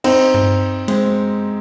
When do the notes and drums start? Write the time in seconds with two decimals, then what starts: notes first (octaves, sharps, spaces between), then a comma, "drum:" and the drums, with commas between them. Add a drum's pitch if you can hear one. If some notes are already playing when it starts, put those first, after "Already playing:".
0.04 C4 D#4, drum: cymbal
0.34 drum: tom G2
0.88 G#3 C4, drum: cymbal